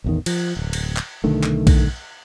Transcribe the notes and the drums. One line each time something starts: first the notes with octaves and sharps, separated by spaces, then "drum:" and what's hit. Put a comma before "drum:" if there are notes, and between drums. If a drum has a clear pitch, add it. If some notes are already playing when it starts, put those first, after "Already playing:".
A1 E2 D#3
F3, drum: cymbal
D1
drum: cymbal
drum: clap
B1 D3 D#3 A3
drum: clap
drum: kick A#1, cymbal